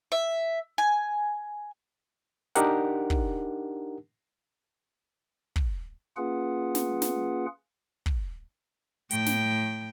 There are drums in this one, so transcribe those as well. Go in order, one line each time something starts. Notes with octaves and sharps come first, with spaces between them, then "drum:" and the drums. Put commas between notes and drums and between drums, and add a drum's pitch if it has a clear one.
E5
G#5
D4 D#4 G4 A#4 F#5, drum: hi-hat
drum: kick
drum: kick
A#3 C#4 F4 G#4 B4 F#5
drum: snare
drum: snare
drum: kick
A2 G5, drum: hi-hat
drum: snare